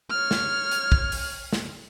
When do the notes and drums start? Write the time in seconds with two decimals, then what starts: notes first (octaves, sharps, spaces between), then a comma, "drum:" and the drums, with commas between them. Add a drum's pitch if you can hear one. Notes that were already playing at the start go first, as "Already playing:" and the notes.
0.11 C#5 F6
0.31 drum: snare
0.71 drum: hi-hat
0.92 drum: kick
1.12 drum: open hi-hat
1.53 drum: snare